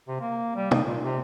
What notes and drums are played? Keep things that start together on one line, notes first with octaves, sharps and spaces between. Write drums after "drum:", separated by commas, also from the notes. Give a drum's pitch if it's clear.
C3
A#3
G3
D#4, drum: tom
A#2
C3